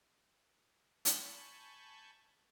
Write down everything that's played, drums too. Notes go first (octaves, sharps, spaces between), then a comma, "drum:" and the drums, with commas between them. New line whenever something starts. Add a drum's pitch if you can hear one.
G#5 A5 B5 C#6 G6, drum: hi-hat